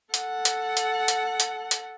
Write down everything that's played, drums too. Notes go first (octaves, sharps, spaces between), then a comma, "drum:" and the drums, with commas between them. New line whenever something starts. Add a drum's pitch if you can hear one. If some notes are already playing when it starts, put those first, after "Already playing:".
A4 F#5, drum: hi-hat
drum: hi-hat
drum: hi-hat
drum: hi-hat
drum: hi-hat
drum: hi-hat